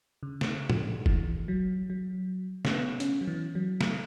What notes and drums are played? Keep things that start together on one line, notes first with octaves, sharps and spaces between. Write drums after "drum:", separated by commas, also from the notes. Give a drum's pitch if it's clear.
C#3
drum: snare
drum: tom A2
E3, drum: kick F1
F#3
F#3
C#4, drum: snare
B3
C#4, drum: hi-hat
F#3
E3
F#3
drum: snare